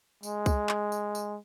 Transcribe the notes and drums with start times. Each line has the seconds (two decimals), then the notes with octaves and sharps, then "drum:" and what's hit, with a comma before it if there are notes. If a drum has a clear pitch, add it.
0.23 G#3, drum: tambourine
0.46 drum: kick C2, tambourine
0.69 drum: clap
0.92 drum: tambourine
1.15 drum: tambourine